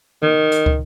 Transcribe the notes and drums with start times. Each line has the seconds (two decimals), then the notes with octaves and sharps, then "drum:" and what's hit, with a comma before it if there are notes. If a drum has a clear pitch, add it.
0.23 D#3, drum: tom D#3
0.52 drum: hi-hat
0.66 drum: kick